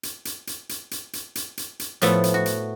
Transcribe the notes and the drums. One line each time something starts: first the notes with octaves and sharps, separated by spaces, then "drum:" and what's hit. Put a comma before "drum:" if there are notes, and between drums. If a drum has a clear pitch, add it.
drum: hi-hat
drum: hi-hat
drum: hi-hat
drum: hi-hat
drum: hi-hat
drum: hi-hat
drum: hi-hat
drum: hi-hat
drum: hi-hat
A2 F3 A3 B3, drum: hi-hat
drum: hi-hat
F#4
drum: hi-hat